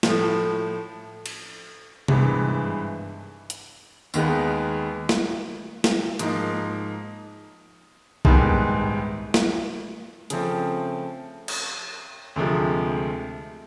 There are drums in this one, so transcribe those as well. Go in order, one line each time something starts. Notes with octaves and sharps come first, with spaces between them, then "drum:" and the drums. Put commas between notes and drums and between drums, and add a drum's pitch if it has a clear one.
A2 F3 A3, drum: snare
drum: cymbal
G#1 G2 E3 G#3 B3, drum: tom C3
drum: hi-hat
D#2 D#3 G#3 B3, drum: tambourine
drum: snare
drum: snare
G#2 F3 A#3 D#4, drum: hi-hat
A#1 G#2 D#3 G3 B3, drum: kick
drum: snare
C#3 F3 A3 C4, drum: hi-hat
drum: cymbal
D2 C3 F3 G#3